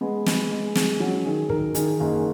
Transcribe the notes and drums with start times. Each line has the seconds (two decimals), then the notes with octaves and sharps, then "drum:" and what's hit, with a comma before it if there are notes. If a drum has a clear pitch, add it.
0.01 G#3 B3
0.26 G#3, drum: snare
0.51 G#3
0.75 G#3, drum: snare
1.00 F#3 C#4
1.25 D#3 G#4
1.49 D#3 A#4, drum: kick
1.75 D#3 G#4, drum: hi-hat
2.00 F#1 G#4